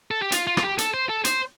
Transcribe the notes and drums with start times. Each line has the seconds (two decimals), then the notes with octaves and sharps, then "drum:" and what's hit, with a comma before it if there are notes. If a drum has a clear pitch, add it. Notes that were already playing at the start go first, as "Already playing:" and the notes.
0.11 A4
0.22 G4
0.32 F4, drum: hi-hat
0.47 F4
0.57 F4, drum: rim click
0.63 G4
0.78 A4, drum: hi-hat
0.94 C5
1.09 A4
1.25 C5, drum: hi-hat